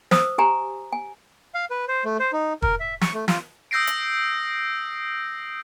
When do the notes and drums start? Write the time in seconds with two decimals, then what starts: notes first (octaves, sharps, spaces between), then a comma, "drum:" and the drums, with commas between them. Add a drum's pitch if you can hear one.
0.11 C5 D#6 E6, drum: snare
0.38 G4 G#5 A#5
0.93 G#5
1.54 F5
1.70 B4
1.88 C5
2.05 A3
2.20 C5
2.33 D#4
2.62 A#4, drum: kick
2.80 E5
3.01 C#6, drum: snare
3.14 A3
3.28 F4, drum: snare
3.71 D#6 E6 G6 A#6 C7 D7
3.87 drum: hi-hat